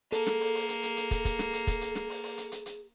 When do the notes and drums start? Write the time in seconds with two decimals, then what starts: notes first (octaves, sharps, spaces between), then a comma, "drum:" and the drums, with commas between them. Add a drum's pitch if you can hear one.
0.12 A#3 G#4 A4 C#7, drum: hi-hat
0.27 drum: snare
0.41 drum: open hi-hat
0.55 drum: open hi-hat
0.69 drum: hi-hat
0.83 drum: hi-hat
0.97 drum: hi-hat
1.11 drum: kick, hi-hat
1.25 drum: kick, hi-hat
1.39 drum: snare
1.53 drum: hi-hat
1.67 drum: kick, hi-hat
1.81 drum: hi-hat
1.95 drum: snare
2.09 drum: open hi-hat
2.24 drum: open hi-hat
2.38 drum: hi-hat
2.52 drum: hi-hat
2.66 drum: hi-hat